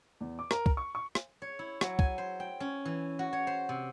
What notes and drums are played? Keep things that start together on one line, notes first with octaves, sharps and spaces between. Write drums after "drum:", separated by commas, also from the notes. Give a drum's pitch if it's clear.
E2
D6
A#4, drum: rim click
drum: kick
C#6
C#6
drum: rim click
C#5
E4
F#3, drum: rim click
G#5, drum: kick
C5
G5
C#4
E3
F#4
C#5
C5
C3